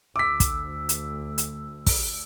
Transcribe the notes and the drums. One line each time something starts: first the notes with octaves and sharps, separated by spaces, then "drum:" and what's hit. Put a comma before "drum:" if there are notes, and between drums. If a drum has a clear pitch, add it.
D2 D6 E6 B6
drum: kick, hi-hat
drum: hi-hat
drum: hi-hat
drum: kick, open hi-hat